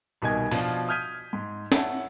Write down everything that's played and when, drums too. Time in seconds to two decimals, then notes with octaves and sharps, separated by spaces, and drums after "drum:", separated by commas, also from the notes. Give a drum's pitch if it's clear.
0.22 C2 B2 D#3 D#5 G#5 G#6
0.51 B2 F3 D4 F4, drum: open hi-hat
0.89 D#6 F6 G6 G#6 B6 D#7
1.33 G#2
1.72 C#4 E4 F#5 A5, drum: snare